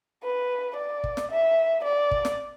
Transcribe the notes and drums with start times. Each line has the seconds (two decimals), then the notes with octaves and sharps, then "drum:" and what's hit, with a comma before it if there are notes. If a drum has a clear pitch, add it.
0.23 B4
0.76 D5
1.04 drum: kick
1.17 drum: snare
1.31 E5
1.84 D5
2.11 drum: kick
2.25 drum: snare